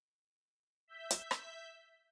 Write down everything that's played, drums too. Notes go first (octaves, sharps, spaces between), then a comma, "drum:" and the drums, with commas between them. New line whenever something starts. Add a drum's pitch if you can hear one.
E5 G6 B6
drum: hi-hat
drum: rim click